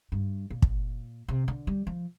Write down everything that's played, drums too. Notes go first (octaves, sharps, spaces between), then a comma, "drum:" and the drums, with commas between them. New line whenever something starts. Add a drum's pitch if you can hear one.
G2
A#2
drum: kick
C3
D3
G3
F3